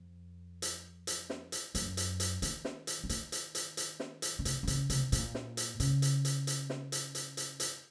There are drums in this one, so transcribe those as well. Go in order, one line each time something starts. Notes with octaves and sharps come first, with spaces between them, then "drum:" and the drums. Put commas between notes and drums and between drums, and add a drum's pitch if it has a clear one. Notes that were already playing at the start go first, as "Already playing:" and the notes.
Already playing: F2
drum: hi-hat
drum: hi-hat
drum: snare
drum: hi-hat
F#2, drum: hi-hat
drum: hi-hat
drum: hi-hat
D#3, drum: hi-hat
drum: snare
drum: hi-hat
F3
D#3, drum: hi-hat
drum: hi-hat
drum: hi-hat
drum: hi-hat
drum: snare
drum: hi-hat
C#3
C3, drum: hi-hat
D#3
C#3, drum: hi-hat
C3, drum: hi-hat
A#2, drum: hi-hat
drum: snare
drum: hi-hat
C#3, drum: hi-hat
drum: hi-hat
drum: hi-hat
drum: hi-hat
drum: snare
drum: hi-hat
drum: hi-hat
drum: hi-hat
drum: hi-hat